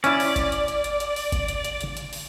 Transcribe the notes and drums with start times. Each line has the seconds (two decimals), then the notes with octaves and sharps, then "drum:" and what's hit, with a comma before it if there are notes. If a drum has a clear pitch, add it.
0.04 C#4 E4 D5, drum: hi-hat
0.20 drum: open hi-hat
0.36 drum: kick G1, hi-hat
0.52 drum: hi-hat
0.68 drum: hi-hat
0.84 drum: hi-hat
1.00 drum: hi-hat
1.16 drum: open hi-hat
1.32 drum: kick G1, hi-hat
1.48 drum: hi-hat
1.65 drum: hi-hat
1.81 drum: hi-hat
1.97 drum: hi-hat
2.13 drum: open hi-hat